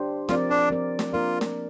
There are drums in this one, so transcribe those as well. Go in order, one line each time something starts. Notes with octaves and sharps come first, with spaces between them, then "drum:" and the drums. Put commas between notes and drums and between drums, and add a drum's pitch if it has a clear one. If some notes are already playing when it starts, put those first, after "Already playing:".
Already playing: D4 G4 C5
F3 C4 F4 A#4 D5, drum: snare
D4
F3 C4 A#4 D5
drum: snare
A#3 D4 F4 A#4 D5
drum: snare